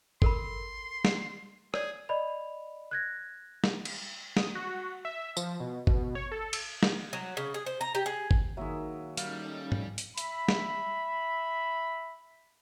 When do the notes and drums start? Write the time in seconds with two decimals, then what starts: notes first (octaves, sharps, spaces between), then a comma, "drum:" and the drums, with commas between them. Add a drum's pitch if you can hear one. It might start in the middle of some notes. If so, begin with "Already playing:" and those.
0.22 A4 A#4 B5 C6, drum: kick G1
1.05 drum: snare
1.74 G#4 C#5 D5, drum: rim click
2.09 D5 D#5 B5 F7
2.91 F#6 G#6 A#6
3.64 drum: snare
3.85 drum: cymbal
4.37 D#6, drum: snare
4.55 F#4
5.05 E5
5.37 F3, drum: tambourine
5.60 B2
5.87 B2, drum: kick G1
6.15 C#5
6.32 A4
6.53 drum: cymbal
6.83 drum: snare
7.13 F#3
7.37 C#3
7.54 G#4
7.66 C5
7.81 A#5
7.95 G4
8.06 G#4
8.31 drum: kick G1
8.57 D#3 F#3 G#3 A#3 E5
9.17 G3 C#4 D#4 A4 F5, drum: hi-hat
9.72 drum: tom G#2
9.98 drum: hi-hat
10.18 E5 B5, drum: hi-hat
10.48 drum: snare